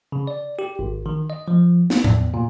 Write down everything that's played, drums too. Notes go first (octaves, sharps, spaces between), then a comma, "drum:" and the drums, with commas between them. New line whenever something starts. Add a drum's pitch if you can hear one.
C#3
D5
G4
G#1
D#3
D#5
F3
D#4, drum: snare
E2, drum: tom A2
A#2